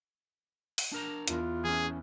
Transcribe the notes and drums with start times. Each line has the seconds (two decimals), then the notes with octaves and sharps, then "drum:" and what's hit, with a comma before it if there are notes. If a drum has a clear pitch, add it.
0.78 drum: open hi-hat
0.92 D4 A#4 A#5
1.28 E2 F4, drum: hi-hat
1.64 E3 C#4 G#4